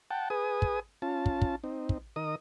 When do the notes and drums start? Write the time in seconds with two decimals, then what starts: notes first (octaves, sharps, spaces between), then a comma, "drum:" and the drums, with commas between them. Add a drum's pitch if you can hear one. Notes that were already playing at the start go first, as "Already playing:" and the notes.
0.11 F#5 G5 A5
0.30 G#4 B4 G#5 D#6
0.62 drum: kick
1.02 C#4 F4 A5
1.26 drum: kick
1.42 drum: kick
1.64 C4 D#4
1.89 drum: kick
2.16 D#3 A#4 D#5 D#6